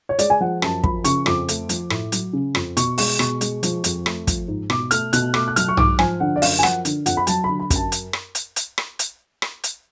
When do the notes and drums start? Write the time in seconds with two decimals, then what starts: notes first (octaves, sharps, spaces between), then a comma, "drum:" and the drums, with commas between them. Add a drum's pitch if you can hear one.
0.09 C#5
0.19 G#3 D5, drum: hi-hat
0.30 G#5
0.41 F3 F#5
0.62 F#2 A5, drum: rim click
0.84 F3 B5, drum: kick
1.04 C#3 C#6, drum: hi-hat
1.26 F2 D6, drum: rim click
1.48 A3, drum: hi-hat
1.69 F3, drum: hi-hat
1.90 A2, drum: rim click
2.12 F#3, drum: hi-hat
2.33 C#3
2.55 F2, drum: rim click
2.77 B2 C#6, drum: hi-hat
2.98 G#3 C#6, drum: open hi-hat
3.19 B2 C#6, drum: rim click
3.41 G#3, drum: hi-hat
3.63 F3, drum: hi-hat
3.84 F2, drum: hi-hat
4.06 A3, drum: rim click
4.27 F3, drum: kick, hi-hat
4.48 G#2
4.70 B2 D6, drum: rim click
4.91 A3 F6, drum: hi-hat
5.13 B2 F#6, drum: hi-hat
5.34 A3 D6, drum: rim click
5.48 F#6
5.56 F#3 F6, drum: hi-hat
5.69 C#6
5.77 G#2 D6, drum: tom B1
5.99 F3 G#5, drum: rim click
6.20 D3 F#5
6.36 D5
6.42 F#2 F5, drum: open hi-hat
6.59 G#5
6.63 F3 F#5, drum: rim click
6.85 D3, drum: hi-hat
7.06 F2 F#5, drum: hi-hat
7.17 B5
7.27 F#3 A5, drum: hi-hat
7.44 D3 B5
7.60 B5
7.70 F#2, drum: kick, hi-hat
7.76 A5
7.92 drum: hi-hat
8.13 drum: rim click
8.35 drum: hi-hat
8.56 drum: hi-hat
8.78 drum: rim click
8.99 drum: hi-hat
9.42 drum: rim click
9.64 drum: hi-hat